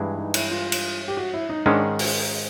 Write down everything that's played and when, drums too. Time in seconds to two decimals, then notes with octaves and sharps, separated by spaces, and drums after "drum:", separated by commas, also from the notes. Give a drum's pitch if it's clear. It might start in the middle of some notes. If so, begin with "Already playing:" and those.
Already playing: G2 E3 G#3
0.18 D#4
0.34 E4, drum: cymbal
0.51 F4
0.72 drum: cymbal
1.08 G4
1.17 F#4
1.34 E4
1.49 D#4
1.66 G#2 D#3 G#3 C#4 D4
1.99 drum: open hi-hat